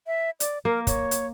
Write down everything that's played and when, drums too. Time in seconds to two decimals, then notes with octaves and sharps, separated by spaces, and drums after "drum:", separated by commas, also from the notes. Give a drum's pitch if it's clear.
0.07 E5
0.40 D5, drum: hi-hat
0.65 A#3 A#4
0.87 C#5, drum: kick, hi-hat
1.11 drum: hi-hat